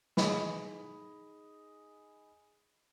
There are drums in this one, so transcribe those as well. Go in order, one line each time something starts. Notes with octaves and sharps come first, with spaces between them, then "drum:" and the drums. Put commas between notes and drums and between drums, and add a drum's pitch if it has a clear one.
D#4 G#4 D#5 B5, drum: snare